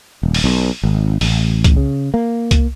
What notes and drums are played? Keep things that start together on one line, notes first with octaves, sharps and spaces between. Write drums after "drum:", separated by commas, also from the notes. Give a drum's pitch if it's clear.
D#1
drum: open hi-hat
B1
G#1
A1, drum: open hi-hat
drum: kick C2, hi-hat
C#3
A#3
drum: kick C2, hi-hat